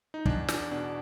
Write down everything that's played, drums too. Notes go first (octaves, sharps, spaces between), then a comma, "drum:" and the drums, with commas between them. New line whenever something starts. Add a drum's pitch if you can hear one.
D#4
E2 D4, drum: kick
D4, drum: snare
B2 D4